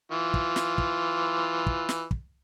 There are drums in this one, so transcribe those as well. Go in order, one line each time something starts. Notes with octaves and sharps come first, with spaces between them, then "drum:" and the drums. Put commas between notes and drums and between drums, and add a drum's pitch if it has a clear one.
E3 F4
drum: kick
drum: snare
drum: kick
drum: kick
drum: snare
drum: kick